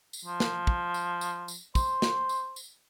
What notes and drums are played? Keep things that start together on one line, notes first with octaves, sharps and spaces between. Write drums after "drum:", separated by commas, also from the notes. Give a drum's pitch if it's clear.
drum: tambourine
F3
drum: snare
drum: kick
drum: tambourine
drum: tambourine
drum: tambourine
C5, drum: kick, tambourine
drum: snare
drum: tambourine
drum: tambourine